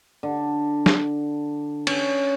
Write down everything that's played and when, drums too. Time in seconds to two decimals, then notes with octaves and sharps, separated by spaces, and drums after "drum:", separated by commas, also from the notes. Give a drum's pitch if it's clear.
0.23 D3
0.86 drum: snare
1.87 C#4, drum: cymbal